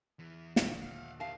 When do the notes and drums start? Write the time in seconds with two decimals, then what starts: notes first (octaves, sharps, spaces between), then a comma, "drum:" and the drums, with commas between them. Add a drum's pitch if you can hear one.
0.19 E2 E3
0.56 A#1 D#2 D3, drum: snare
0.82 F5 F#5
1.20 G4 A#4 F5 A5